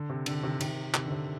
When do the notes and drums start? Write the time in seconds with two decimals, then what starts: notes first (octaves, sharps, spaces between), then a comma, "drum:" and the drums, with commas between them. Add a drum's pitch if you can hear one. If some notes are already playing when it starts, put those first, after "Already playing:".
Already playing: D3
0.10 C3
0.26 D3, drum: cymbal
0.43 C3 D#3
0.61 C3 D#3, drum: cymbal
0.94 C3 D#3, drum: clap
1.06 D3
1.12 C3